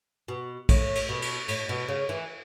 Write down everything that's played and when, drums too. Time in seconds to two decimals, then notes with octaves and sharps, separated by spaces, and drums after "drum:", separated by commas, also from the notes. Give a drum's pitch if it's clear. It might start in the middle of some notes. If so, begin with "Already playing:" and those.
0.28 B2
0.69 A2, drum: kick, cymbal
0.95 drum: cymbal
1.09 B2
1.22 drum: cymbal
1.48 A2, drum: cymbal
1.69 B2
1.88 C#3
2.09 E3